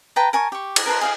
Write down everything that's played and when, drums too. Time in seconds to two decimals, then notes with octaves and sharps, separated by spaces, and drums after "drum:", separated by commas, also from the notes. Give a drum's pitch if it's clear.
0.16 B4 G5 A5 A#5
0.33 A#4 G#5 A5 C#6
0.52 G4 C#6
0.76 drum: cymbal
0.86 A#4 B4 A5 C6
1.01 G#4 F5 G5